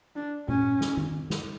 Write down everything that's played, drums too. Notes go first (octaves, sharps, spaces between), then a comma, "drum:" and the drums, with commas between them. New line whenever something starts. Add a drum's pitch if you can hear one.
D4
C#4, drum: tom A#2
drum: snare
drum: tom D#3
drum: snare